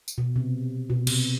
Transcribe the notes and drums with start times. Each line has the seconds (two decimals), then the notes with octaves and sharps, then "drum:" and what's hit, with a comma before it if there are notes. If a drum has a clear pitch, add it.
0.08 drum: tambourine
0.18 B2
0.36 C3
0.90 B2
1.07 C3, drum: cymbal